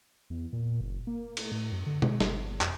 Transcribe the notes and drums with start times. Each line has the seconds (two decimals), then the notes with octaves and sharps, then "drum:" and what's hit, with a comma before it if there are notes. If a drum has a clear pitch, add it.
0.30 E2
0.53 A#2
0.81 F#1
1.07 A#3
1.37 A3, drum: cymbal
1.52 A2
1.72 F#2
1.86 D3
2.02 G#3, drum: tom B2
2.20 G1, drum: snare
2.61 F2, drum: clap